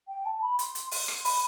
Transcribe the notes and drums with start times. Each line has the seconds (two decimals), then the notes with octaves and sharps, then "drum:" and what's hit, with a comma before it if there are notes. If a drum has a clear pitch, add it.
0.08 G5
0.25 A5
0.42 B5
0.59 C6, drum: hi-hat
0.75 drum: hi-hat
0.91 C6, drum: open hi-hat
1.08 drum: rim click
1.25 B5, drum: open hi-hat